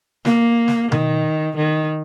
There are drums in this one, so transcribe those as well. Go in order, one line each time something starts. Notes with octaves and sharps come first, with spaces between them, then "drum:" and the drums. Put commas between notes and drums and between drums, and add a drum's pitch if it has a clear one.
A#3, drum: snare
drum: snare
D#3, drum: tom B2
D#3